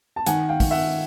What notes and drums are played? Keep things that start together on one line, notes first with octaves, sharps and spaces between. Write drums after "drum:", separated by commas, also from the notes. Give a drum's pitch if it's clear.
A5
D#3 F#5 G#5, drum: hi-hat
F5 G5
D#3, drum: kick, open hi-hat
E5 F#5